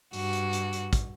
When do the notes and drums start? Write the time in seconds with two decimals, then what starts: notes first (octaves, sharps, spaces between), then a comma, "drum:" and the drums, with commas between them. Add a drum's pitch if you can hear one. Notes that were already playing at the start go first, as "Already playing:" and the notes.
0.13 G2 F#4, drum: open hi-hat
0.33 drum: hi-hat
0.53 drum: hi-hat
0.73 drum: hi-hat
0.93 drum: kick, hi-hat